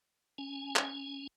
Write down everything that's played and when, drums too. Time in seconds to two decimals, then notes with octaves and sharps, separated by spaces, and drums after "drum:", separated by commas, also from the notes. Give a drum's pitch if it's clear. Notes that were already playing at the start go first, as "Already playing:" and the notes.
0.38 C#4 G#5
0.76 drum: clap